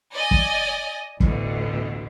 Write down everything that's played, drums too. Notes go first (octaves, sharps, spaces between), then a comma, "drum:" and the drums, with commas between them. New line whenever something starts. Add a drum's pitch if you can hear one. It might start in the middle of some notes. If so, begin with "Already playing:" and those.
D5 D#5 G#5
drum: kick
A1 D2 B2, drum: kick